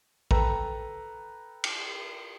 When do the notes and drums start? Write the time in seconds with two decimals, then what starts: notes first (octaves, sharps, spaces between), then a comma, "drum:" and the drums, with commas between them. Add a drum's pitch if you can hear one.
0.31 A4 B4 G5 A#5, drum: kick A#1
1.64 drum: cymbal